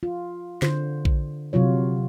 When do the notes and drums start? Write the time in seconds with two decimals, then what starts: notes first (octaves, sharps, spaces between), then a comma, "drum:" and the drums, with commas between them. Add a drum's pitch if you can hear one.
0.03 F4
0.62 D3 C5, drum: snare
1.05 drum: kick A#1
1.53 C3 F#3 F4 C#5